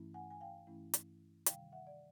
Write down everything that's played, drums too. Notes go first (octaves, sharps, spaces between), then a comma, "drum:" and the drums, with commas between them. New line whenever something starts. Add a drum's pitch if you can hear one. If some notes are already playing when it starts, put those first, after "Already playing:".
Already playing: G2 E3 A3 C#4 E4
F#5 G#5
G#5
F5 G5
G2 E3 A3 C#4 E4
drum: hi-hat
C3 D#3 G3 F5 G5, drum: hi-hat
E5 F#5
D5